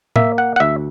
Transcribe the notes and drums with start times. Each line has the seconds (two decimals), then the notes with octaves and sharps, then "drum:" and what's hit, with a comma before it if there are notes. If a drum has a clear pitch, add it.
0.16 A#3 E5, drum: tom A2
0.38 F#5
0.56 F#5
0.60 D2 E5